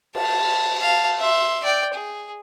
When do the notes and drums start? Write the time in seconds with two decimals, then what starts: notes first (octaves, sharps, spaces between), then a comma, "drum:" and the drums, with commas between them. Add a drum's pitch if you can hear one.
0.15 A5, drum: cymbal
0.78 F5 A5
1.19 E5 C6
1.64 D5 G5
1.94 G#4